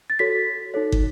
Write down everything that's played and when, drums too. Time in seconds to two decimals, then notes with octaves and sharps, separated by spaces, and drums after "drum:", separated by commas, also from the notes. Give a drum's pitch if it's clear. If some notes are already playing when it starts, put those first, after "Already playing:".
0.10 A6
0.19 F#4 A4 C#5 B6
0.74 D#4 A4 C#5
0.92 drum: kick